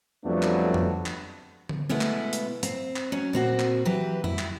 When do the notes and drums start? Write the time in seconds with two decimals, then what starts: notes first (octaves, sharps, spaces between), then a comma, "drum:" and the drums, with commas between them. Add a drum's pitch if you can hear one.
0.24 F2 F#3 G3 A3 B3 D4
0.43 drum: clap
0.74 drum: tom F2
1.06 drum: clap
1.69 drum: tom D3
1.89 B2 G#3 A3 B3 E4
2.01 drum: clap
2.33 drum: hi-hat
2.63 C4, drum: hi-hat
2.96 drum: clap
3.12 F#3 C#4
3.33 A#2 C4 F#4
3.60 drum: clap
3.85 E3 F#3 G4 B4
4.24 E4, drum: tom F2
4.39 drum: clap